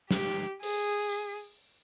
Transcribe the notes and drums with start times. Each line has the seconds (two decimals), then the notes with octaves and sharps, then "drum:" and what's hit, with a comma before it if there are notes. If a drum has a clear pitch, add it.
0.11 G4, drum: snare
0.63 G#4, drum: open hi-hat
1.09 drum: tambourine